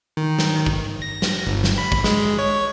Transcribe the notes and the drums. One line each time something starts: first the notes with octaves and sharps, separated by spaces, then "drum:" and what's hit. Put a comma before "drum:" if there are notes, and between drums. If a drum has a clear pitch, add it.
D#3
drum: snare
drum: kick
A#6
drum: snare
G1
drum: snare
B5
drum: kick
G#3, drum: snare
C#5